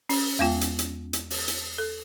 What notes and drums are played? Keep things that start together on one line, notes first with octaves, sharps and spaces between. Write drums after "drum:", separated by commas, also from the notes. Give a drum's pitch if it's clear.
C#4, drum: open hi-hat
E2 G#3 B3 F4 G5
drum: hi-hat
drum: hi-hat
drum: hi-hat
drum: open hi-hat
drum: hi-hat
A4